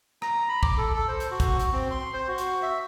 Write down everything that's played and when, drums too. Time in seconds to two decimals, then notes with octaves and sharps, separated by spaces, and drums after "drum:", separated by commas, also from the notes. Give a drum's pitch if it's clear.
0.22 A#5, drum: rim click
0.49 B5
0.63 D6, drum: kick
0.78 A4
0.94 A4
1.08 C5
1.20 drum: hi-hat
1.31 F#4
1.40 drum: kick, hi-hat
1.59 drum: hi-hat
1.73 C4
1.91 C6
2.14 C5
2.28 F#4
2.38 drum: hi-hat
2.62 E5